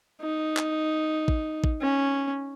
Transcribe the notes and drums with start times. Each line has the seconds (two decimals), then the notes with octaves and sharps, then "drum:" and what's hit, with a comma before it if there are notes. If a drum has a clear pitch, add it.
0.21 D#4
0.57 drum: clap
1.28 drum: kick
1.64 drum: kick
1.81 C#4